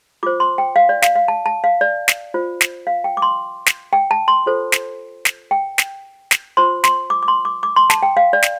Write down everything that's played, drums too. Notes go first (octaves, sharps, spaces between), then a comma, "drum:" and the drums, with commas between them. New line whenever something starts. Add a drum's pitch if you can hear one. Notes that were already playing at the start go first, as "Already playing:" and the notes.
F4 C5 D6
C6
G5
F5
D5
F5, drum: snare
F5
A5
A5
F5
D5
drum: snare
F4 C5
drum: snare
F5
G5
D6
C6
drum: snare
G5
A5
C6
F4 A4 C5
drum: snare
drum: snare
G5
drum: snare
drum: snare
F4 C5 C6
C6, drum: snare
D6
D6
C6
D6
D6
C6
A5, drum: snare
G5
F5
D5
drum: snare